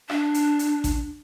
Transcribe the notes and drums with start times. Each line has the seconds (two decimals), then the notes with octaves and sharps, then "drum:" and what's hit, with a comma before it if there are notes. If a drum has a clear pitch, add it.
0.10 D4, drum: rim click
0.34 drum: hi-hat
0.59 drum: hi-hat
0.84 drum: kick A1, hi-hat